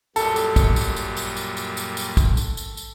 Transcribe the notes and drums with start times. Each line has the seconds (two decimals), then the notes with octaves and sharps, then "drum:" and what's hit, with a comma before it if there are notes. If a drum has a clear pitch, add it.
0.16 F#2 A#2 G3 A4, drum: tambourine
0.36 drum: tambourine
0.56 drum: kick, tambourine
0.76 drum: tambourine
0.96 drum: tambourine
1.17 drum: tambourine
1.37 drum: tambourine
1.57 drum: tambourine
1.77 drum: tambourine
1.97 drum: tambourine
2.17 drum: kick, tambourine
2.37 drum: tambourine
2.57 drum: tambourine
2.77 drum: tambourine